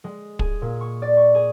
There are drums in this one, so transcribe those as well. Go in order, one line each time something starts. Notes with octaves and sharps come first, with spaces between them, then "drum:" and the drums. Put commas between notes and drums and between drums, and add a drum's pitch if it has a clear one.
G#3
G#4, drum: kick
A#2
C#6
D5
C#6
G#4